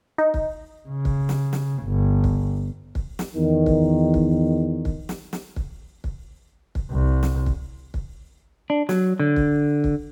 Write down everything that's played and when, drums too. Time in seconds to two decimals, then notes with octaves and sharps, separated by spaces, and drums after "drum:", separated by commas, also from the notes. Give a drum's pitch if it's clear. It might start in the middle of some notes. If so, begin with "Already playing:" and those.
0.18 D#4
0.34 drum: kick
0.88 C#3
1.05 drum: kick
1.29 drum: snare
1.53 drum: snare
1.84 G1
2.24 drum: kick
2.95 drum: kick
3.19 drum: snare
3.35 E2 D#3
3.66 drum: kick
4.14 drum: kick
4.85 drum: kick
5.09 drum: snare
5.33 drum: snare
5.56 drum: kick
6.04 drum: kick
6.75 drum: kick
6.91 C2
7.23 drum: snare
7.46 drum: kick
7.94 drum: kick
8.70 D4
8.89 F#3, drum: snare
9.20 D3
9.36 drum: kick
9.84 drum: kick